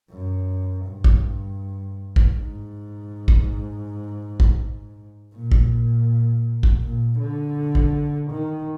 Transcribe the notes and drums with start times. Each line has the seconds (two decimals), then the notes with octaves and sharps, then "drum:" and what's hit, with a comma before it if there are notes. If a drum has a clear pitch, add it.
0.11 F#2
0.86 G2
1.04 drum: kick
2.16 drum: kick
2.34 G#2
3.28 drum: kick
4.40 drum: kick
5.33 A#2
5.52 drum: kick
6.63 drum: kick
6.82 A#2
7.19 D3
7.75 drum: kick
8.31 D#3